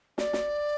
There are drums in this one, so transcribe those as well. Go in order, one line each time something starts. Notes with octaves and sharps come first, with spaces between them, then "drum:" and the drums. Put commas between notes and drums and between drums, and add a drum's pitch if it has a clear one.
D5, drum: snare
drum: snare